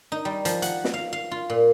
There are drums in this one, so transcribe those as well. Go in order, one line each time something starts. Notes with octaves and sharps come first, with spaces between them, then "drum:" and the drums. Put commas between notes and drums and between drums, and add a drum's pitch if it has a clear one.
D#4
G3
F3, drum: hi-hat
F#5, drum: hi-hat
drum: snare
F5
F5
F4
A#2